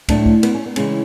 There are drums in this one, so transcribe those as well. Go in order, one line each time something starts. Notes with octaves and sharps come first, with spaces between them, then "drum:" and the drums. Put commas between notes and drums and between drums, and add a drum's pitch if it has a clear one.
A2 F#3 A3 D4, drum: kick, cymbal
drum: kick
B3, drum: cymbal
C#4
B3
C#3 E3 G#3 C#4, drum: cymbal